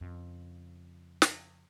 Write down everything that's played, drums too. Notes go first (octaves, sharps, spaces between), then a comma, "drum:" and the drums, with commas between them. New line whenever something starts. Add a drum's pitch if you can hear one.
F2 C#3
drum: snare